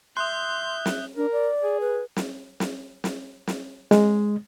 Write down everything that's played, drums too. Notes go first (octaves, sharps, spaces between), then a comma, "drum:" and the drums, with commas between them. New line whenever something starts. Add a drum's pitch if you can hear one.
E5 C6 D#6 F#6 G6
drum: snare
D4 A#4
D5
G#4
B4
drum: snare
drum: snare
drum: snare
drum: snare
G#3, drum: snare